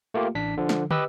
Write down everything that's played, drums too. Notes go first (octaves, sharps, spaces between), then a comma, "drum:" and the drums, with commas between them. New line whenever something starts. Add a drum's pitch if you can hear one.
A3 A#3 F4 G4
A1 D4 B6
D3 F3
drum: snare
G4 B4 D#5 E6, drum: tom